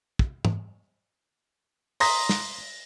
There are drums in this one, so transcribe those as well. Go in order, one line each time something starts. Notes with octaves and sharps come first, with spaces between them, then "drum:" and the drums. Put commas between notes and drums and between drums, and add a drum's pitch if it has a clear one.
drum: kick
drum: tom
A#5 C6 D#6 A#6 B6, drum: open hi-hat
drum: snare